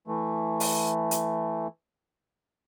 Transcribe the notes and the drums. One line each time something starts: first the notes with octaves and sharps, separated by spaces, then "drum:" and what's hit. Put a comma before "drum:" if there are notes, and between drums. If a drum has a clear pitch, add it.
E3 A3
drum: open hi-hat
drum: hi-hat